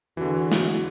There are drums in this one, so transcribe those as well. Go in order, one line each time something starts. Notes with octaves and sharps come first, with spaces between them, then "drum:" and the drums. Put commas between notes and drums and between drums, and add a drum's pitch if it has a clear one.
E2 D3 E3 F#4
drum: snare